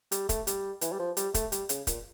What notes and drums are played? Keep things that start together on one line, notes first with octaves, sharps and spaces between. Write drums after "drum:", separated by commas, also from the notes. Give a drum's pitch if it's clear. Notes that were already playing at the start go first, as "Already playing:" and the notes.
G3, drum: hi-hat
A3, drum: kick, hi-hat
G3, drum: hi-hat
E3, drum: hi-hat
G3
F3
G3, drum: hi-hat
A3, drum: kick, hi-hat
G3, drum: hi-hat
C#3, drum: hi-hat
A#2, drum: kick, hi-hat